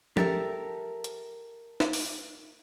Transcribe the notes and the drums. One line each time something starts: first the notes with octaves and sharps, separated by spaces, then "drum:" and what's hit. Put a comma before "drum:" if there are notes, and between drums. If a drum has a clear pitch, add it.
G4 A4 A#4 E5, drum: tom F3
drum: hi-hat
drum: snare D#4
drum: open hi-hat